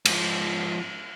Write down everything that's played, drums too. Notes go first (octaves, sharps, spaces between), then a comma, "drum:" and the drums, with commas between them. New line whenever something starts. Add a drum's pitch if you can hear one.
G#2 F3, drum: cymbal